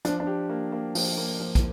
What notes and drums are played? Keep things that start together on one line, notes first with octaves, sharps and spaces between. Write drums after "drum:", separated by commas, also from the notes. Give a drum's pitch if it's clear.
F3 D4, drum: hi-hat
D4
G4
A#3
A#3
F3, drum: open hi-hat
A#3
F3
drum: kick, hi-hat